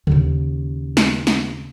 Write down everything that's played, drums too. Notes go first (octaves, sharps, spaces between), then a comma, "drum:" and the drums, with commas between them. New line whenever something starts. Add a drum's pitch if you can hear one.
D#2 C#3, drum: tom C#3
drum: snare
drum: snare